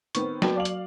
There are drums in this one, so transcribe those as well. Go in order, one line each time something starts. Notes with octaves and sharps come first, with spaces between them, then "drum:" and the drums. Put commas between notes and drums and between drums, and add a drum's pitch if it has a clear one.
D#3 B3 C4 C#6, drum: hi-hat
F#3 B3 F#4 G5 A5, drum: snare F#3
D5 F5 F#7
drum: hi-hat